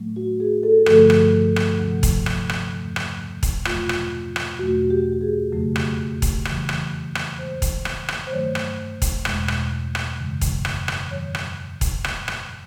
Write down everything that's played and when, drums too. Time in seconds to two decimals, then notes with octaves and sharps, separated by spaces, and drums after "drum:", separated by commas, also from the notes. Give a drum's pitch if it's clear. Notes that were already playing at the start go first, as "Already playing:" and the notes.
Already playing: A2 F#3 A3
0.16 F#4
0.40 G#4
0.63 A4
0.86 G2 D3 F3 A3 A4, drum: rim click
1.10 drum: rim click
1.56 drum: rim click
1.79 D2 C3 F3 A3
2.03 drum: kick E1, hi-hat
2.26 drum: rim click
2.49 drum: rim click
2.72 E2 C#3 F#3 A3
2.96 drum: rim click
3.43 drum: kick E1, hi-hat
3.65 E2 B2 F#3 A3 F4, drum: rim click
3.89 drum: rim click
4.36 drum: rim click
4.59 E2 B2 F#3 A3 F#4
4.90 G4
5.12 G4
5.21 G#4
5.52 F2 C#3 F#3 A3
5.76 drum: rim click
6.22 drum: kick E1, hi-hat
6.45 E2 C#3 E3 G3, drum: rim click
6.69 drum: rim click
7.15 drum: rim click
7.38 G#2 E3 G#3 C5
7.62 drum: kick E1, hi-hat
7.85 drum: rim click
8.08 drum: rim click
8.27 C5
8.31 G2 D#3 F#3 A3 C#5
8.55 drum: rim click
9.02 drum: kick E1, hi-hat
9.25 E2 B2 G#3, drum: rim click
9.48 drum: rim click
9.95 drum: rim click
10.18 F#2 C#3 E3 G#3
10.41 drum: kick E1, hi-hat
10.65 drum: rim click
10.88 drum: rim click
11.11 F#2 D#3 F#3 C#5
11.35 drum: rim click
11.81 drum: kick E1, hi-hat
12.04 A#2 G3, drum: rim click
12.28 drum: rim click